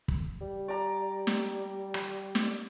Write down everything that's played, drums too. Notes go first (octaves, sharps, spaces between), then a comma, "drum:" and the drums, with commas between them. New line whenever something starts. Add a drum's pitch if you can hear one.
drum: kick
G3
D5 A#5
drum: snare
drum: rim click
drum: snare